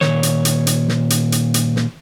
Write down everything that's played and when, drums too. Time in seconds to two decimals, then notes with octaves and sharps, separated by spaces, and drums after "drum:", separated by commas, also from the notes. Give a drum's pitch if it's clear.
0.01 A#2 D#3 C#5, drum: snare
0.23 drum: hi-hat
0.45 drum: hi-hat
0.67 drum: hi-hat
0.89 drum: snare
1.10 drum: hi-hat
1.32 drum: hi-hat
1.54 drum: hi-hat
1.76 drum: snare